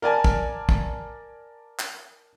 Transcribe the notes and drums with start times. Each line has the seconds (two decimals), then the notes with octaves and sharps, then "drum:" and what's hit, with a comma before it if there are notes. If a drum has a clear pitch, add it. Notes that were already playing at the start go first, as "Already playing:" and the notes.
0.02 A#4 D5 G#5 A5
0.24 drum: kick
0.69 drum: kick
1.79 drum: clap